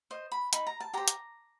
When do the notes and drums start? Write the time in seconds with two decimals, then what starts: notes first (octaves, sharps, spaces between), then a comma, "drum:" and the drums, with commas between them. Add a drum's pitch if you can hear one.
0.11 C5 D#5
0.32 B5
0.53 D#4 B5, drum: hi-hat
0.67 A#5
0.80 A5
0.93 G4 C5 A#5
1.08 drum: hi-hat